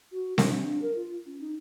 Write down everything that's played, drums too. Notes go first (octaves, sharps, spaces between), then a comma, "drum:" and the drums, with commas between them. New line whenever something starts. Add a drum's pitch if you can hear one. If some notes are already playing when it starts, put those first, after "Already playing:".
F#4
D4, drum: snare C4
D4
A#4
F4
C#4
D#4